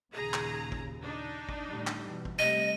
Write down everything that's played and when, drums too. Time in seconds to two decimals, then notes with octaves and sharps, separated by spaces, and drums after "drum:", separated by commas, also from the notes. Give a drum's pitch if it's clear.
0.14 D#2 A#2 C#3 G#4 A#5
0.34 drum: clap
0.72 drum: kick
1.02 D4 D#4
1.49 drum: kick
1.70 A2 D3 G3
1.87 drum: clap
2.07 B2 E3
2.25 drum: kick
2.39 C3 G3 A3 D#5 D#7